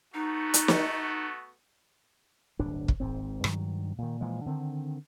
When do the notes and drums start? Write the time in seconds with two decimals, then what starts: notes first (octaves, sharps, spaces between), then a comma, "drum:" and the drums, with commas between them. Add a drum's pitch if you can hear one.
0.14 A3 B3 D#4 F#4
0.54 drum: hi-hat
0.68 drum: snare
2.59 D1 G1 D3 D4
2.88 drum: kick
3.00 G#1 G#2 C4
3.44 G2 D#3 F#3, drum: rim click
3.98 A#2 D#3
4.21 A#2 E3 F3 G#3
4.46 D3 D#3 C4